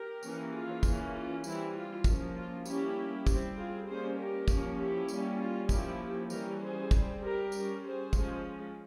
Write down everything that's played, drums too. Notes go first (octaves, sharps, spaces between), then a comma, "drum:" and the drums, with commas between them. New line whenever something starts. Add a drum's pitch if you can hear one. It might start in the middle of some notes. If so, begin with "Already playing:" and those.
Already playing: G4 A#4
E3 A#3 C#4, drum: tambourine
F4 G#4
E3 A#3 C#4, drum: kick, tambourine
F4
E3 G3 C4 E4, drum: tambourine
F4
F3 A#3 C#4, drum: kick, tambourine
F4
G3 A#3 C#4 E4 G4, drum: tambourine
G3 C4, drum: kick, tambourine
F4 G#4
G3 A#3 C#4 G#4 C5
G4 A#4
F3 A#3 C#4, drum: kick, tambourine
E4 G4
G3 A#3 C#4, drum: tambourine
F4
F3 A#3 C#4 E4 G4, drum: kick, tambourine
E3 G3 C#4 G4 A#4, drum: tambourine
G#4 C5
G3 C4, drum: kick, tambourine
G4 A#4
G3 C#4, drum: tambourine
G#4 C5
F3 G#3 C#4, drum: kick, tambourine